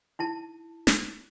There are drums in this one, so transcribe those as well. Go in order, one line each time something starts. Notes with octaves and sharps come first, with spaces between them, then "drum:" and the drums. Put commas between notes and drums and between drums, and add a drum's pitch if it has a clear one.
D#4 E4 A5
drum: snare